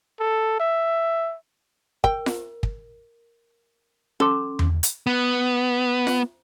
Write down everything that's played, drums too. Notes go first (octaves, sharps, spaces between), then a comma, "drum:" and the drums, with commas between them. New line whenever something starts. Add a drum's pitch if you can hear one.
A4
E5
A#4 G5, drum: kick
drum: snare F4
drum: kick
C#4 A4 C6 D6
drum: tom E2
drum: hi-hat
B3
drum: snare F4